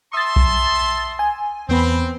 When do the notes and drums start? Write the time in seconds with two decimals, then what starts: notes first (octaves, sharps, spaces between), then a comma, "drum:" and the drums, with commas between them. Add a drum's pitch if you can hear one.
0.13 E5 A5 C6 D#6 A6
0.36 drum: kick B1
1.19 G#5
1.69 E2 B3 C4 B5